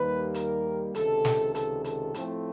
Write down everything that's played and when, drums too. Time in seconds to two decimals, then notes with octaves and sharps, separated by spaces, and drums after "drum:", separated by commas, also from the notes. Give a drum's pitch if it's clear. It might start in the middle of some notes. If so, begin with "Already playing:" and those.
Already playing: D#2 D#3 G3 A#3 B4
0.34 A#4, drum: hi-hat
0.95 C#2 C3 D#3 A4, drum: hi-hat
1.25 drum: snare
1.55 A4, drum: hi-hat
1.84 A4, drum: hi-hat
2.14 A2 F3 A3 C4, drum: hi-hat